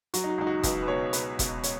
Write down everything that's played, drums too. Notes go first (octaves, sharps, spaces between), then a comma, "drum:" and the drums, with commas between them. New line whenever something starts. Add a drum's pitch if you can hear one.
F#3 F#4, drum: hi-hat
D#4
F#4
C#2 D#4
F#4
C#2 B4, drum: kick E1, hi-hat
B4
B2 C#5
B2 B4, drum: hi-hat
B2, drum: kick E1, hi-hat
C#5, drum: hi-hat